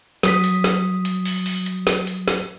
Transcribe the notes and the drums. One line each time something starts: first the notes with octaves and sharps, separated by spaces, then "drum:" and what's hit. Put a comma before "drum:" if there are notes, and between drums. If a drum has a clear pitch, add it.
F#3 D#6 B6, drum: snare
drum: hi-hat
drum: snare
drum: hi-hat
drum: open hi-hat
drum: open hi-hat
drum: hi-hat
drum: snare
drum: hi-hat
drum: snare